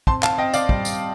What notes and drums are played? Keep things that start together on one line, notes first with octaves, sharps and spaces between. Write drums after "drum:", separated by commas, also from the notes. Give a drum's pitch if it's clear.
C4 A5 C6, drum: kick
F5 A5, drum: clap
C4 D#5 G5
D5 F5, drum: tambourine
G3, drum: kick
drum: tambourine